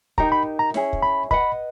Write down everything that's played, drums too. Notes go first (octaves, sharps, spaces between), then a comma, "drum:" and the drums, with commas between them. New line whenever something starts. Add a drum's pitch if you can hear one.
D#4 G4 A#4 A#5, drum: kick
B5
A#5
C#4 E4 G#4, drum: snare
drum: kick
B5
B4 D#5 F#5 B5, drum: kick